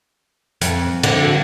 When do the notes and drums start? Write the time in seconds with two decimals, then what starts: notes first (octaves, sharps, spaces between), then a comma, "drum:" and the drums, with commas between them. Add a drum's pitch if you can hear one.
0.61 F2, drum: hi-hat
1.03 D3, drum: cymbal